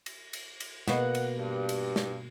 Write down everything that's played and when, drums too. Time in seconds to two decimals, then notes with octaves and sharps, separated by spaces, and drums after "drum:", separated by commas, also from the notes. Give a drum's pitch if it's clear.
0.06 drum: cymbal
0.33 drum: cymbal
0.60 drum: cymbal
0.88 B2 A#3 F#5, drum: snare
1.15 drum: cymbal
1.38 G2
1.69 drum: cymbal
1.96 drum: snare